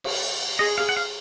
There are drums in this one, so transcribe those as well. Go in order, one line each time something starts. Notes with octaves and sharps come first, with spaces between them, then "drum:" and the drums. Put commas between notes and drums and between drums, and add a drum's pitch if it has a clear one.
drum: cymbal
G#4 D#5
F5
F#5
F5